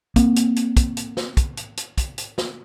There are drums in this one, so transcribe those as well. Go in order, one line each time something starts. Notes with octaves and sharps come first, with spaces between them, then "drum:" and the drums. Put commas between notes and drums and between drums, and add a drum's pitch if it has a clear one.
A#3 C4, drum: kick, hi-hat
drum: hi-hat
drum: hi-hat
drum: kick, hi-hat
drum: hi-hat
drum: snare
drum: kick, hi-hat
drum: hi-hat
drum: hi-hat
drum: kick, hi-hat
drum: hi-hat
drum: snare